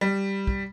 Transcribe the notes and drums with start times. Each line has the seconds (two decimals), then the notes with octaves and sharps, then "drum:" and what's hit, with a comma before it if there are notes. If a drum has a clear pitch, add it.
0.01 G3
0.47 drum: kick